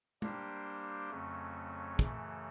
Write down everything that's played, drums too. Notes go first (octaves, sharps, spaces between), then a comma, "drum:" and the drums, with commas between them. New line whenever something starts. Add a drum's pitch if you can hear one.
G3 A#3 D4 G4 C5, drum: tom G#3
F2 C#3 F#3 A3 C#4
F#2 C#3 E3 A3, drum: kick